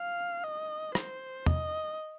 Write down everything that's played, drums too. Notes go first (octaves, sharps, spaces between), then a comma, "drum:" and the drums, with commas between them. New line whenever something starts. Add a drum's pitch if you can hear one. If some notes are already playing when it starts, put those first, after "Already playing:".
Already playing: F5
D#5
C5, drum: rim click
D#5, drum: tom E2